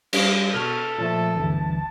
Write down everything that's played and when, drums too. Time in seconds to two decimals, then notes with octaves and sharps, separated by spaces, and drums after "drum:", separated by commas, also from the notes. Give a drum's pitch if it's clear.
0.13 G3 C#5 F5, drum: cymbal
0.54 B2 A4 C#6 F6
0.98 A#2 F3 A3 A5
1.36 G1 D2 E3